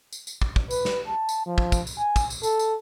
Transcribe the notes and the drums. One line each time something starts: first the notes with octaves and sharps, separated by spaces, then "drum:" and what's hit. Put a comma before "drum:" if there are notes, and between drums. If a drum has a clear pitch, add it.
drum: tambourine
drum: tambourine
drum: kick
drum: kick
B4, drum: tambourine
drum: snare
A5
drum: tambourine
F3
drum: kick
drum: kick, tambourine
drum: tambourine
G#5
drum: kick, tambourine
drum: tambourine
A4, drum: tambourine
drum: tambourine